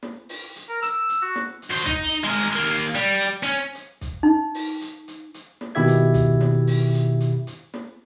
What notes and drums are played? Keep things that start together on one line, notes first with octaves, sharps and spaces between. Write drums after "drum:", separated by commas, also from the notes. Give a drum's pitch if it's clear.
drum: snare
drum: open hi-hat
drum: hi-hat
A#4
E6, drum: hi-hat
drum: hi-hat
F#4
drum: snare
drum: hi-hat
F#4 C5
D#4, drum: kick, hi-hat
G#3 A#4
drum: open hi-hat
D#2 A#3
drum: hi-hat
G3, drum: hi-hat
drum: hi-hat
C#4
drum: hi-hat
drum: kick, hi-hat
D#4
drum: open hi-hat
drum: hi-hat
drum: hi-hat
drum: hi-hat
drum: snare
B2 D#3 E4 G4 E5 G#6
drum: hi-hat
drum: kick, hi-hat
drum: snare
drum: open hi-hat
drum: hi-hat
drum: hi-hat
drum: hi-hat
drum: snare